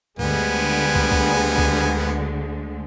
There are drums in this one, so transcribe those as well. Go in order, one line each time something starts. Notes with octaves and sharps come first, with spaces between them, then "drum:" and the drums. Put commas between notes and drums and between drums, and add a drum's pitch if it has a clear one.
D2 D3 G3 G#3 B3 G#5, drum: tom G2
drum: kick
drum: kick
drum: kick